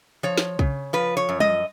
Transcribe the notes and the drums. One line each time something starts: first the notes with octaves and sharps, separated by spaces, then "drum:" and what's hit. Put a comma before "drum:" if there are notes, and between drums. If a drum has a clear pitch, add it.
F3 C#5
drum: snare
C#3, drum: kick
F3 B4
C#5
F#2
D#5, drum: tom G3